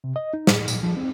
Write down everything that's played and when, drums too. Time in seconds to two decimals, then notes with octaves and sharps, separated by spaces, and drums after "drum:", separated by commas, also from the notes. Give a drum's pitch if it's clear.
0.04 C3
0.16 D#5
0.34 D#4
0.47 A2, drum: snare
0.68 A#2, drum: tambourine
0.83 F3
0.97 C4